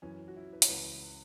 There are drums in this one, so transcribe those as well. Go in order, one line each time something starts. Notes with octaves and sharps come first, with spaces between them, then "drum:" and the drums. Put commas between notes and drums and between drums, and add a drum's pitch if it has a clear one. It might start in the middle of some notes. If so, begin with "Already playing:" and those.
F#2 E3 C#4
F#4
E4
B4
C#5, drum: hi-hat
C#2 C#3 E3 B4